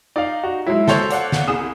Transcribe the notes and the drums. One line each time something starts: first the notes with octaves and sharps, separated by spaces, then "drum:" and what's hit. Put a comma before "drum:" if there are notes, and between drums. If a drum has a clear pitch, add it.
D#4 D5 F5
F#4
F#3 G#3 E4
A4 C5 C#5, drum: snare
D5 F5 F#5, drum: hi-hat
drum: snare
C2 G#4 D#6 E7